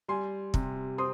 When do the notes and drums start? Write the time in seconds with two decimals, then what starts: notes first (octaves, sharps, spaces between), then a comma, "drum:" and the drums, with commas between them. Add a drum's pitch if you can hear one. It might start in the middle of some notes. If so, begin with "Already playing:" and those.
0.08 G3 G#5 C6
0.54 C3, drum: kick
0.98 C4 C6 D#6